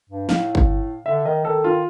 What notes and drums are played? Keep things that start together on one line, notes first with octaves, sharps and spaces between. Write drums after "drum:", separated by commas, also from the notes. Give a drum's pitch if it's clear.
G2
A2 F5, drum: snare
drum: kick G1
D3 E5
D#3 D#5
D#3 A4
D#3 F4